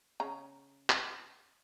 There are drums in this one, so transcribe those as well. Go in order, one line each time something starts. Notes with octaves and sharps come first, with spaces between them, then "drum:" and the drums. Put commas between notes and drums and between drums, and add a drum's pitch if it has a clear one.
C#3 A#5
drum: clap